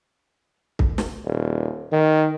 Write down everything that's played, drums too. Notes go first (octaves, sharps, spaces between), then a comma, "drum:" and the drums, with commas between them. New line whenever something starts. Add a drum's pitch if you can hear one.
drum: kick C2
drum: snare
D#1
D#3